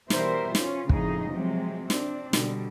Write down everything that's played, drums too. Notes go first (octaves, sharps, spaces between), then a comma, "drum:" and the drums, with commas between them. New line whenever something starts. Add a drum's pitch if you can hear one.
B2 E3 G3 A#4 C5 E5, drum: snare
C#4 F4, drum: snare
F2 A2 C#3 D#4 G#4 D#5, drum: kick
C3 F3 F#3 G#3 C4
C4 D4, drum: snare
B2 D3 G3, drum: snare